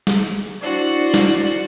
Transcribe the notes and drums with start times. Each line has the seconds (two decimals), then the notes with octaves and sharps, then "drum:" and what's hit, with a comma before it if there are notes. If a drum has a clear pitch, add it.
0.07 drum: snare
0.62 D4 E4 F#4 C5 D5
1.14 drum: snare